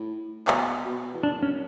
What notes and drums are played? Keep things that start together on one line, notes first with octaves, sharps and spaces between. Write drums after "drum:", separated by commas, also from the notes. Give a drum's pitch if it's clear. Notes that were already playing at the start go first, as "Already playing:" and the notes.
Already playing: A2
B2, drum: clap
B2
E2
F#2 D4
C#4